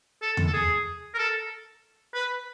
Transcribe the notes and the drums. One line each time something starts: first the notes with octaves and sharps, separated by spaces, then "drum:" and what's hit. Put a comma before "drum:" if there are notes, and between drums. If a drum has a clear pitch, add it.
A4
drum: tom E2
A4
G#4
A#4
A4
B4